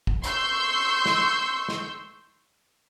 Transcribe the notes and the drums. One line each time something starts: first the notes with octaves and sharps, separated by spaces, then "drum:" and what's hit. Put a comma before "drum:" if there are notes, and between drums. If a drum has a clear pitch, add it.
drum: kick
C6 C#6 E6 G6, drum: hi-hat
drum: snare
drum: snare